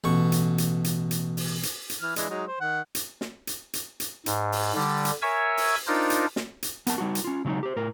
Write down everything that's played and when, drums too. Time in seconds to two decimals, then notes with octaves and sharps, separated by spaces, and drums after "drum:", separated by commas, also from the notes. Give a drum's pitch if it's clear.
0.04 A1 B2 C#6
0.32 drum: hi-hat
0.58 drum: hi-hat
0.84 drum: hi-hat
1.11 drum: hi-hat
1.37 drum: open hi-hat
1.63 drum: hi-hat
1.90 drum: hi-hat
2.01 E3 F6
2.16 E3 G#3 D4, drum: hi-hat
2.30 F#3 G#3 D#4
2.48 C5
2.61 D#3 F#5
2.95 drum: hi-hat
3.21 drum: snare
3.47 drum: hi-hat
3.73 drum: hi-hat
4.00 drum: hi-hat
4.26 G#2, drum: hi-hat
4.52 drum: open hi-hat
4.75 D3 G3
5.05 drum: hi-hat
5.22 A#4 C#5 E5 G#5 C#6 E6
5.57 drum: open hi-hat
5.87 D4 D#4 F4 A#4 C5
6.10 drum: hi-hat
6.36 drum: snare
6.62 drum: hi-hat
6.87 B3 A#4 A5, drum: hi-hat
6.98 G3 D#4 F#4
7.15 drum: hi-hat
7.24 C#4 F4
7.45 C#3 F#3 G#3 C#4 D#4
7.63 G4 C5
7.76 A2 A#4